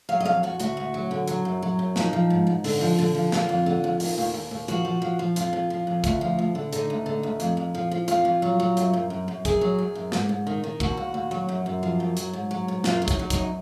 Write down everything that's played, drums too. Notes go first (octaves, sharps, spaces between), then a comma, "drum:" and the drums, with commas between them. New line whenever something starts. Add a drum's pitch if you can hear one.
F#3 F5
D#5
F2 F5
F2 F#4
D2 F#4, drum: hi-hat
D2
F#3
D3
F#3, drum: hi-hat
F#2
F#3
F#2
F3 D#4, drum: snare
F3
G#2
G#2
D3, drum: open hi-hat
F3
D3
F3
D3 F4, drum: snare
F2
D3
F2
D#3, drum: open hi-hat
D#2
D#2
D#2
F3 F#4, drum: hi-hat
F3
F3
F3
F2 F4, drum: hi-hat
F2
F3
F2
D2, drum: kick, hi-hat
F3
D2
D3
D3 D#4, drum: hi-hat
D2
D3
D2
F2, drum: hi-hat
F2
F3
F3
F2 F4, drum: hi-hat
F2
F#3
F#3
F#2, drum: hi-hat
F#2
F#2
F#2
F#2 G#4, drum: kick, hi-hat
F#3
F#2
F#2
G#2, drum: snare
G#2
D#3
D#3
D#2 F#4, drum: kick
D#2
D#2
F#3
F#2
F#2
F3
F#2
F#3, drum: hi-hat
G#2
F#3
G#2
F#2 F4, drum: snare
F#3
D#4, drum: kick, hi-hat
F#3
D#4, drum: kick, hi-hat
F#2